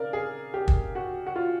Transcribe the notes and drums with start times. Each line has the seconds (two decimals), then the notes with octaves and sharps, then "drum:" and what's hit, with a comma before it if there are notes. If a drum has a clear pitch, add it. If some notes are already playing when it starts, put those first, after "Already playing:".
Already playing: C#3 A#4 D5 F5
0.13 G#4
0.54 G4
0.68 drum: kick
0.95 F#4
1.27 F#4
1.36 F4